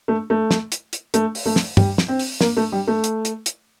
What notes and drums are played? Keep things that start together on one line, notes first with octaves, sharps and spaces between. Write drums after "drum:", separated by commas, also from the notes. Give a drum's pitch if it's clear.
A3
A3
drum: snare
drum: hi-hat
drum: hi-hat
A3, drum: hi-hat
drum: open hi-hat
A3
drum: snare
G3, drum: tom
drum: snare
C4
drum: open hi-hat
A#3, drum: snare
A3
G3
A3
drum: hi-hat
drum: hi-hat
drum: hi-hat